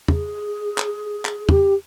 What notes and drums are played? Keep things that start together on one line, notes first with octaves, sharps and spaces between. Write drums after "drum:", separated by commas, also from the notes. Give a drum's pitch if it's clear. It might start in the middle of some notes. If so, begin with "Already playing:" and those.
G#4, drum: tom
drum: clap
drum: clap
G4, drum: tom